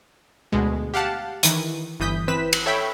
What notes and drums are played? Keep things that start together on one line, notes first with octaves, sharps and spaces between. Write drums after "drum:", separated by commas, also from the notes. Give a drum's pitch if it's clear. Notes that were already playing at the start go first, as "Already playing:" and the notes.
D2 B2 G#3
G4 F5 F#5 A5
D#3 E3, drum: hi-hat
G1 E3 D#6 G6 B6
E3 C4 B4 B6 E7
drum: cymbal
A4 C#5 E5 G5 B5